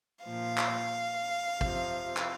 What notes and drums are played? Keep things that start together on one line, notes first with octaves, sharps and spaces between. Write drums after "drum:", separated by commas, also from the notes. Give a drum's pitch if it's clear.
A#2 F3 F5
drum: clap
F2 C3 F3, drum: kick
drum: clap